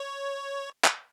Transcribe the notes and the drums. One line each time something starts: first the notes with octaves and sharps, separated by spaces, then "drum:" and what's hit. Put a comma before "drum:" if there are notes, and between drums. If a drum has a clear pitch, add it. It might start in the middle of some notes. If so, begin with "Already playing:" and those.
Already playing: C#5
drum: clap